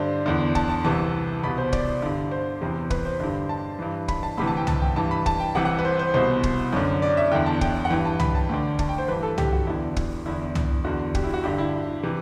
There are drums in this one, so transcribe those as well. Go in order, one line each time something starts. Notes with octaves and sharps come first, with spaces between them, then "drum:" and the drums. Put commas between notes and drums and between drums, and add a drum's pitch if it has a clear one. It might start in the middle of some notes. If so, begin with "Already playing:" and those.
Already playing: G2 D3 C5 D5
E2 D3
A5, drum: kick
A5
C2 C3 E3 A5
C2 B2 B5
C5
D5, drum: kick
G2 D3
C5
E2 C3 E3
B4, drum: kick
C5
G2 D3
A5
G2 E3
B5, drum: kick
A5
D2 C3 E3 B5
A5
G5
A5, drum: tom
G5
G2 E3 A5
B5
A5, drum: kick
G5
C2 C3 E3 F#5
F#5
B4
C5
C5
C2 B2 C5
drum: kick
F#2 D3
D5
E5
E2 D3 G5
A5
G5, drum: kick
F#5
G2 E3 G5
A5
B5, drum: tom
A5
D2 D3 G5
A5, drum: kick
G5
C5
G2 E3 B4
A4
G4, drum: tom
F#4
E2 D3 E4
drum: kick
E2 D3 E4
drum: tom
E2 D3 F#4
G4, drum: kick
E4
F#4
G2 D3 G4
E4
C3 E3